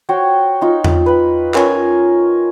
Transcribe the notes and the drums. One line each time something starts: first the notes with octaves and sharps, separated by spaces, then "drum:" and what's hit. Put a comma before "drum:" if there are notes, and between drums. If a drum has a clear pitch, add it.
F#4 C5 C#5 G5
D#4 F4
drum: tom E2
B4 B5
C#4 F4 A#4 G#5, drum: clap